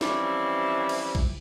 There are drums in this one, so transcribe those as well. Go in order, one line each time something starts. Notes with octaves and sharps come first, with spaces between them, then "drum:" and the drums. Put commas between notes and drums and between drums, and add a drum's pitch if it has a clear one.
E3 F3 G3 C4 C#4 E4, drum: snare
drum: cymbal
drum: kick A#1